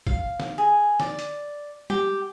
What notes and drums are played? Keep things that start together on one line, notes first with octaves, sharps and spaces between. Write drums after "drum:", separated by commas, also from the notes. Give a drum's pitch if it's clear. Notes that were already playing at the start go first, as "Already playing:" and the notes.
F5, drum: kick
drum: snare
G#4
D5, drum: snare
drum: hi-hat
G4, drum: tom